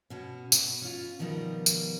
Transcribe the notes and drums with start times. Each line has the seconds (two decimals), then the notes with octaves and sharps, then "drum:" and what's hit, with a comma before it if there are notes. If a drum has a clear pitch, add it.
0.10 B2 C#4
0.52 B2, drum: tambourine
0.82 C#4 F4
1.19 B2 D#3 F3 G3 A#4
1.66 drum: tambourine